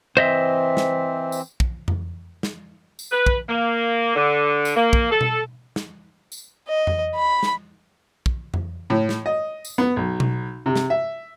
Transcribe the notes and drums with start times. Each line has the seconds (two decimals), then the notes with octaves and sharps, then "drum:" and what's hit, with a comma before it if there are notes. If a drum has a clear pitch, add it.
0.17 E3 C4 C5 D#5 E5
0.77 drum: snare
1.32 drum: tambourine
1.60 drum: kick
1.88 drum: tom F2
2.43 drum: snare
2.99 drum: tambourine
3.11 B4
3.27 drum: kick
3.48 A#3
4.15 D3
4.65 drum: tambourine
4.76 A#3
4.93 drum: kick
5.11 A4
5.21 drum: tom B2
5.76 drum: snare
6.32 drum: tambourine
6.68 D#5
6.87 drum: tom F2
7.15 B5
7.43 drum: snare
8.26 drum: kick
8.54 drum: tom F2
8.90 A2
9.09 drum: snare
9.26 D#5
9.65 drum: tambourine
9.78 B3
9.96 B1
10.20 drum: tom B2
10.66 C3
10.76 drum: snare
10.90 E5